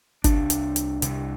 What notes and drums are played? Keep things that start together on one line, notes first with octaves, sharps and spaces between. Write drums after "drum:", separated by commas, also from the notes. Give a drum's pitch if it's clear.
C2 C3 D4, drum: kick G1, hi-hat
drum: hi-hat
drum: hi-hat
C2 C3, drum: hi-hat